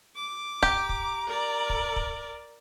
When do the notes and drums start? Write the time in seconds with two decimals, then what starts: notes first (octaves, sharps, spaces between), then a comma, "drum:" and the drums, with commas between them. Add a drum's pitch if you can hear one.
0.15 D6
0.63 G4 A#5, drum: kick
0.89 drum: kick
1.27 A#4 D5
1.70 drum: kick
1.96 drum: kick